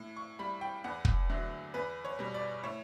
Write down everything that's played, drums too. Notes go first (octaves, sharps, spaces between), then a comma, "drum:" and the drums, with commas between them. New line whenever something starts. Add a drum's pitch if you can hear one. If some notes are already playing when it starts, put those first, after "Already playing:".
Already playing: A2
C#6
G3 B5
G5
E2 F#5
drum: kick
D3 F#3 A3
E2 B4
C#5
B2 G3
D5
A2 C#5